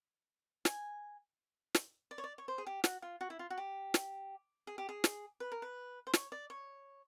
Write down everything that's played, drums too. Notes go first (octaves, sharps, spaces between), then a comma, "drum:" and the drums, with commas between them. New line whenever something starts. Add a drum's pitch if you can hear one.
G#5, drum: snare
drum: snare
D5
C#5
D5
C#5
C5
G#4
G4
F#4, drum: snare
F4
F#4
E4
F4
F#4
G4
drum: snare
G#4
G4
G#4
drum: snare
B4
A#4
B4
C5
C#5, drum: snare
D5
C#5